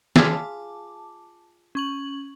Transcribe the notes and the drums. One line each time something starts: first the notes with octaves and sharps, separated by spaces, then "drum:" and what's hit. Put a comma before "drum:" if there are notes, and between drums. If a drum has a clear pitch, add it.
F4 G#4 E5 A5 D6, drum: snare
C#4 C#6 F#7